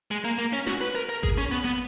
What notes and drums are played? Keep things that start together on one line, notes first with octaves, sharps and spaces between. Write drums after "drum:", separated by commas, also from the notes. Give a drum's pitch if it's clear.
G#3
A#3
A#3
C#4
F#4, drum: snare
B4
A#4
A#4
G#4, drum: kick G#1
C#4
B3
B3